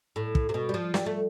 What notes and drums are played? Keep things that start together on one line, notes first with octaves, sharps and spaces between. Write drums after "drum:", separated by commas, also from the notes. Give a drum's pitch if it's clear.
A2
drum: kick
C3
B2
G3
F3
G3, drum: snare
A3